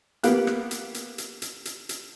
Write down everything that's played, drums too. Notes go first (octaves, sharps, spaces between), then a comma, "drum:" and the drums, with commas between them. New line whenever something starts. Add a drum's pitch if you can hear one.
A#3 B3 G4 F5 F#6, drum: hi-hat
drum: rim click
drum: hi-hat
drum: hi-hat
drum: hi-hat
drum: hi-hat
drum: hi-hat
drum: hi-hat